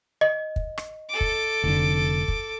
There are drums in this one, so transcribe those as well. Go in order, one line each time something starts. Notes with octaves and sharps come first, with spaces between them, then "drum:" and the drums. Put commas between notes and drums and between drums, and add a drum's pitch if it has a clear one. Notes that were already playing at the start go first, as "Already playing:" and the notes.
D#5
drum: kick
drum: rim click
A4 D6
drum: kick
F1 D3
drum: kick